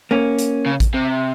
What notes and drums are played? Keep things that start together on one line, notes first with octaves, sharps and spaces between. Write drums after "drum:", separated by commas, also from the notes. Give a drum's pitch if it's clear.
A#3 C#4
drum: hi-hat
C#3
drum: kick A1, hi-hat
C3